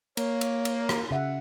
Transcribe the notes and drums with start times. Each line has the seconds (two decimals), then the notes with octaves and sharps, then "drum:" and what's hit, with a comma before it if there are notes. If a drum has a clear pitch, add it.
0.17 A#3 C#5, drum: cymbal
0.41 drum: cymbal
0.65 drum: cymbal
0.89 drum: rim click
1.11 C#3 E5 F#5